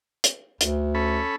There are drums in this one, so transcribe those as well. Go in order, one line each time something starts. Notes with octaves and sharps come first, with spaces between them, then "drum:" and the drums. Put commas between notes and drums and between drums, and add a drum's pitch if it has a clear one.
drum: hi-hat
D2, drum: hi-hat
C#4 A4 B5